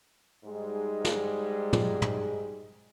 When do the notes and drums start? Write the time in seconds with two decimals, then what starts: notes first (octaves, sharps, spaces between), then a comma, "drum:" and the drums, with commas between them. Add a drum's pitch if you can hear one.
0.44 G#2 G3 G#3
1.05 drum: snare
1.73 drum: tom
2.02 drum: tom